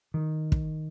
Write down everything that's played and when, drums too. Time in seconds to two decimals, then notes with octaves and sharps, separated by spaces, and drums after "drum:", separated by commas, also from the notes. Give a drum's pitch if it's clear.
0.14 D#3
0.52 drum: kick